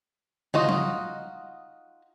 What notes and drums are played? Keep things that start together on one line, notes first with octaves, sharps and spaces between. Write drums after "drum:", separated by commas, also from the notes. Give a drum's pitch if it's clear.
D#4 F4 F#4 D#5, drum: tom
drum: tom F3